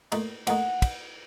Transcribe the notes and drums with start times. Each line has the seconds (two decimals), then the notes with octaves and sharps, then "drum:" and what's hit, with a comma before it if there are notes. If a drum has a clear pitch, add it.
0.12 A#2 A3 D#4, drum: cymbal
0.47 A#2 A3 D#4 F#5, drum: cymbal
0.82 drum: kick, cymbal